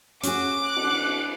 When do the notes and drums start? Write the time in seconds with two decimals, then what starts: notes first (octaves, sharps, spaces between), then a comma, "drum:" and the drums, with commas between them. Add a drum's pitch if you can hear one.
0.23 C#4 F#4 G#4 D6, drum: hi-hat
0.64 F#6
0.76 drum: cymbal